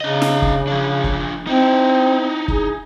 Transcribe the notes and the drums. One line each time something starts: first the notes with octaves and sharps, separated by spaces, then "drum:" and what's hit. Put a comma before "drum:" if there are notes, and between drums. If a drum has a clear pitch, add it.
C#3 D4 D#5
drum: snare
drum: kick
F3 D4
drum: kick
C4 D#4 E4
G#4, drum: kick